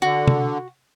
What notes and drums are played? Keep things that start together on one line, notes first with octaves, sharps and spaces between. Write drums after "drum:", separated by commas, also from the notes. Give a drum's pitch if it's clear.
D3 F#4
drum: tom C3